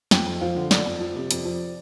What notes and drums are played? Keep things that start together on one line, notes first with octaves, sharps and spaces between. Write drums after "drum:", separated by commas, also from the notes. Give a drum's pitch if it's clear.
F2 G5, drum: snare
F2
F3 F5
D3
F2 D5, drum: snare
F2
F3
C3
F2, drum: hi-hat
F3